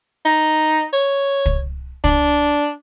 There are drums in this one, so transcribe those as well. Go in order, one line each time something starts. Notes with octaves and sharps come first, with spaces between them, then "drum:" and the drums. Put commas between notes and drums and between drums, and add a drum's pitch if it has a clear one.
D#4
C#5
drum: kick
D4, drum: kick